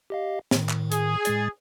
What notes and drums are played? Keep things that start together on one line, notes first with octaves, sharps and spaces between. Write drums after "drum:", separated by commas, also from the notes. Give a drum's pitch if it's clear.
G4 D#5 F5
A2 D#3, drum: snare
drum: clap
G#4, drum: hi-hat
A2 G#3 A6, drum: hi-hat